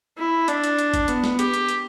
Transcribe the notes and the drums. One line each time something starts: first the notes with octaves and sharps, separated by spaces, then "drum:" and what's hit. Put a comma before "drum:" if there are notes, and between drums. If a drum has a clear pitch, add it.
E4
D4, drum: hi-hat
drum: hi-hat
drum: hi-hat
drum: kick, hi-hat
B3, drum: hi-hat
drum: snare
G4, drum: hi-hat
drum: hi-hat
drum: hi-hat